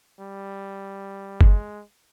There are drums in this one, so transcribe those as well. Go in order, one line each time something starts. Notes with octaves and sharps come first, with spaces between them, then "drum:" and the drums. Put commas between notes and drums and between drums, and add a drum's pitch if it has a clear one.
G3
G#3, drum: kick F#1